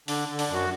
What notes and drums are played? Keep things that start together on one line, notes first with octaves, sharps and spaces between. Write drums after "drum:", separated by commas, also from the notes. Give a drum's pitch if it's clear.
D3 D4, drum: open hi-hat
D3
D4, drum: open hi-hat
F#2 F#4